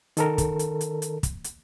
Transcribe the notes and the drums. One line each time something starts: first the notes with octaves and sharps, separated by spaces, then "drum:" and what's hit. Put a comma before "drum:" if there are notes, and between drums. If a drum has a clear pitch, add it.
D#3 A4 A#4, drum: hi-hat
drum: kick, hi-hat
drum: hi-hat
drum: hi-hat
drum: hi-hat
drum: kick, hi-hat
drum: hi-hat